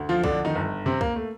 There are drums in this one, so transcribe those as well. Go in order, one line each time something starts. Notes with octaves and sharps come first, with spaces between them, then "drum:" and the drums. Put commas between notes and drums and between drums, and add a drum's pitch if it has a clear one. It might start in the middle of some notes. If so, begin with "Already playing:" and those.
Already playing: D2
F3 F4
F2 D3 D4, drum: kick
D#3 D#4
G1
C3 C4
A#3, drum: kick
A3